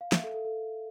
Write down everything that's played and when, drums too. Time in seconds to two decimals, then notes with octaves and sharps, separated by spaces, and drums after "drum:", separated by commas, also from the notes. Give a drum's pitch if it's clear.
0.01 F5
0.12 E5, drum: snare
0.24 A4
0.34 A4
0.45 A4